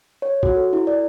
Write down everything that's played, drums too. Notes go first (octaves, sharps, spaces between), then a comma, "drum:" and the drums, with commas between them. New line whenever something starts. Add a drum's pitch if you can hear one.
C#5
F#4, drum: kick B1
A4
E4
D5